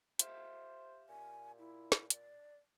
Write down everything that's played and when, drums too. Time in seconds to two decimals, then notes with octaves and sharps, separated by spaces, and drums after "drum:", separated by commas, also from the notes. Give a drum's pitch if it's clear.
0.19 G4 C5 E5 F5, drum: hi-hat
1.09 A#2 G#5
1.59 E4
1.92 drum: snare
2.10 D5, drum: hi-hat